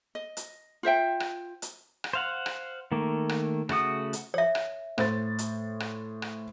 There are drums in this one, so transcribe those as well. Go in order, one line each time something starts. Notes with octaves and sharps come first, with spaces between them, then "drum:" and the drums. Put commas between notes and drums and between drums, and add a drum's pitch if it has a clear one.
D#5
drum: hi-hat
F4 C5 E5 G5
drum: rim click
drum: hi-hat
drum: rim click
C5 F5 F#5
drum: rim click
D#3 A3 A#3
drum: rim click
C#3 A3 F#4 D#6, drum: rim click
drum: hi-hat
C#5 E5
drum: rim click
A2 C5 A6, drum: rim click
drum: hi-hat
drum: rim click
drum: rim click